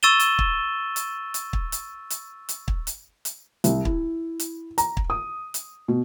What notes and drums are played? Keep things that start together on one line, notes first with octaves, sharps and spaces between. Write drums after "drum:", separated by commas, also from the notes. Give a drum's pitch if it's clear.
C#6 E6 A6 D#7 E7 G7
drum: hi-hat
drum: kick
drum: hi-hat
drum: hi-hat
drum: kick
drum: hi-hat
drum: hi-hat
drum: hi-hat
drum: kick
drum: hi-hat
drum: hi-hat
C2, drum: hi-hat
E4, drum: kick
drum: hi-hat
A#5, drum: hi-hat
drum: kick
D#6
drum: hi-hat
B2